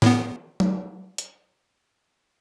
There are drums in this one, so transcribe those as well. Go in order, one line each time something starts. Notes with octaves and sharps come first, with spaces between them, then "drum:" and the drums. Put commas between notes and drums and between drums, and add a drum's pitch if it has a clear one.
A2 B3, drum: snare
drum: tom F#3
drum: hi-hat